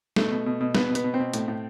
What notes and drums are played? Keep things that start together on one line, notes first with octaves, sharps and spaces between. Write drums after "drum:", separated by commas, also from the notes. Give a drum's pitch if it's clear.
B2 A3, drum: snare
B2
B2
B2
B2 B3, drum: snare
B2
B3, drum: hi-hat
B2
C4
B2
A2, drum: hi-hat
A2